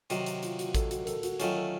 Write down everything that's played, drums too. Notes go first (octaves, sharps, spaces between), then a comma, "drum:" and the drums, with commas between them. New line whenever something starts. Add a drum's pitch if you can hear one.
C3 D#3 F#3 F#4, drum: hi-hat
drum: hi-hat
F4, drum: hi-hat
F#4, drum: hi-hat
A4, drum: kick A1, hi-hat
F#4, drum: hi-hat
A#4
A4, drum: hi-hat
F#4, drum: hi-hat
D#3 F#3 A3 C#4 F4, drum: hi-hat
A4